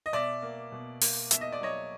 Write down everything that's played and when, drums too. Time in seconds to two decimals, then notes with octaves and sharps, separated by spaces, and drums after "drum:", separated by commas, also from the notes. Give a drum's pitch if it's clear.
0.06 D#5
0.13 B2 D5 E5
0.42 A#3
0.72 B2
1.01 A#3, drum: open hi-hat
1.31 B2 E5, drum: hi-hat
1.41 D#5
1.52 D5
1.60 F#3 C#5 D#5